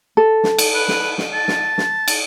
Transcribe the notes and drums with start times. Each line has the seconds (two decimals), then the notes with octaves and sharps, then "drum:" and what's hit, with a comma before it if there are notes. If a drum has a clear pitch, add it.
0.17 A4
0.44 drum: snare
0.58 drum: cymbal
0.74 B4
0.88 drum: snare
1.18 drum: snare
1.33 A5
1.48 drum: snare
1.78 drum: snare
2.08 drum: cymbal